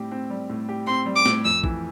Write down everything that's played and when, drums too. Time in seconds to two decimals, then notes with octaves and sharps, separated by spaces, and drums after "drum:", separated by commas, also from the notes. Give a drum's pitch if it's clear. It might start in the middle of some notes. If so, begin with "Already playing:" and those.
Already playing: A2 G3 C4 G4
0.11 C4
0.30 G3
0.50 A2
0.69 G4
0.87 C4 C6
1.06 G3
1.16 D6
1.26 A2, drum: snare
1.45 F2 E6
1.64 E3, drum: kick